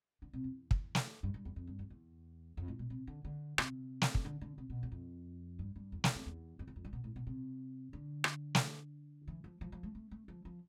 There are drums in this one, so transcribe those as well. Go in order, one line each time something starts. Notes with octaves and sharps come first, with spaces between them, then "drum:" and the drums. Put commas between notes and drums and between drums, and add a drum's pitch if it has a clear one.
D3
C3
E2
drum: kick
drum: snare
G2
G2
E2
F2
G2
F2
E2
F2
A2
B2
C3
D3
D3
C3, drum: rim click
drum: snare
drum: kick
D3
D3
C3
B2
E2
F2
G2
G2
E2
E2, drum: snare
F2
E2
F2
E2
F2
G2
B2
A2
B2
C3
D3
drum: rim click
drum: snare
E3
F3
F3
F3
A3
A3
A3
F3
F3